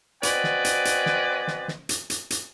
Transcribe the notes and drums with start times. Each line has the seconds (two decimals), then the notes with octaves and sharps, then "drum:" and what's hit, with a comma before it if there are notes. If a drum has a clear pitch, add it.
0.23 C4 F#4 B4 D5 D#5 G#5, drum: hi-hat
0.44 drum: snare
0.65 drum: hi-hat
0.85 drum: hi-hat
1.06 drum: snare
1.47 drum: snare
1.68 drum: snare
1.89 drum: hi-hat
2.10 drum: hi-hat
2.30 drum: hi-hat